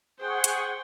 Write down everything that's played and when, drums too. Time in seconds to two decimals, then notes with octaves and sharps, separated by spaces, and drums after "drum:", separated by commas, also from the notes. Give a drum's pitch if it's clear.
0.19 G#4 C5 F#5 G5 C#6
0.44 drum: hi-hat